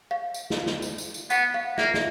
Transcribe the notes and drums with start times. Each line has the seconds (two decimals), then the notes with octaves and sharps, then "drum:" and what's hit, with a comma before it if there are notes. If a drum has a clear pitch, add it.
0.11 F5
0.34 drum: tambourine
0.50 drum: snare
0.66 drum: snare
0.82 drum: tambourine
0.98 drum: tambourine
1.14 drum: tambourine
1.30 B3 F#5, drum: tambourine
1.54 F5
1.78 A#3 E5, drum: snare
1.94 drum: snare